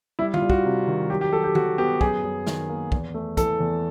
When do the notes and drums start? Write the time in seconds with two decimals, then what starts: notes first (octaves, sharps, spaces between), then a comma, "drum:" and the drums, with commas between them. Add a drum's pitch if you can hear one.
0.19 G3 E4
0.34 F4, drum: tom D3
0.42 G3
0.50 F#4, drum: kick
0.65 C3
0.87 D#3
1.10 F#3 G4
1.21 G4
1.33 F#3 A4
1.44 G4
1.55 F#3 F#4, drum: tom D3
1.78 B3 G4
2.01 F#2 G#4, drum: kick
2.24 F#2
2.46 D#3, drum: snare
2.69 A#3
2.92 E2, drum: kick
3.14 A3
3.37 E3 A4, drum: kick, hi-hat
3.60 E2